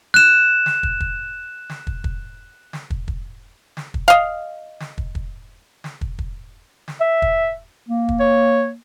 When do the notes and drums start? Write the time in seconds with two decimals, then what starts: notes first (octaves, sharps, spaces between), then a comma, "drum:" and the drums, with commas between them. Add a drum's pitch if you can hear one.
0.14 F#6 E7
0.66 drum: snare
0.83 drum: kick
1.00 drum: kick
1.70 drum: snare
1.87 drum: kick
2.04 drum: kick
2.73 drum: snare
2.90 drum: kick
3.08 drum: kick
3.77 drum: snare
3.94 drum: kick
4.08 D#5 F5
4.80 drum: snare
4.98 drum: kick
5.15 drum: kick
5.84 drum: snare
6.01 drum: kick
6.19 drum: kick
6.88 drum: snare
7.00 E5
7.22 drum: kick
7.88 A#3
8.09 drum: kick
8.20 C#5